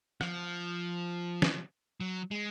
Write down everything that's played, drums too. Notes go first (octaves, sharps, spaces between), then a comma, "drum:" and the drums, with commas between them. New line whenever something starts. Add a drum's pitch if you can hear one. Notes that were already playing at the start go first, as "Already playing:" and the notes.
F3, drum: rim click
drum: snare
F#3
G#3